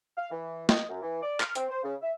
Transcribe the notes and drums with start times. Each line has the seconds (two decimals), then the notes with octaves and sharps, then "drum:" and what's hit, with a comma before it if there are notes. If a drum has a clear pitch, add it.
0.17 F5
0.30 E3
0.69 D#5, drum: snare
0.88 F#2
1.02 E3
1.22 D5
1.40 F6, drum: clap
1.55 C4, drum: hi-hat
1.70 C5
1.83 C#3
2.02 E5